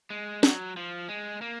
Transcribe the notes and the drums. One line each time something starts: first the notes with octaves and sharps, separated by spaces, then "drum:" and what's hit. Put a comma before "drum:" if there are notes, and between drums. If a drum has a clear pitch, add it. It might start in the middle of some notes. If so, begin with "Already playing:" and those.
G#3
F#3, drum: snare
F3
G#3
A#3